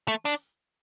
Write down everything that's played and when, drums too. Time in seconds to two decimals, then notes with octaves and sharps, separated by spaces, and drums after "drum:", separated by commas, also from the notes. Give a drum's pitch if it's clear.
0.08 A3
0.25 D4, drum: hi-hat